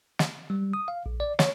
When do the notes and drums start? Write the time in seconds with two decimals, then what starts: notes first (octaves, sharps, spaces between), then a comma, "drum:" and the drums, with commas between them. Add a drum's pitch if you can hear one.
0.19 drum: snare
0.50 G3
0.74 D#6
0.88 F5
1.06 A#1
1.20 D5
1.39 C#5, drum: snare